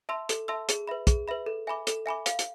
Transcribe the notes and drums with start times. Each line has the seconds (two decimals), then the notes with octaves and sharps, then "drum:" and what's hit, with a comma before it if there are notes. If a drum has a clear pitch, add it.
0.09 E5 A5 C6 E6
0.29 A4, drum: hi-hat
0.48 E5 A5 C6 E6
0.69 G#4, drum: hi-hat
0.87 B4 E5 B5
1.07 G#4, drum: kick, hi-hat
1.28 B4 E5 B5
1.46 A4
1.67 E5 G#5 B5 D6
1.87 A4, drum: hi-hat
2.06 E5 G#5 B5 D6
2.26 F5, drum: hi-hat
2.39 drum: hi-hat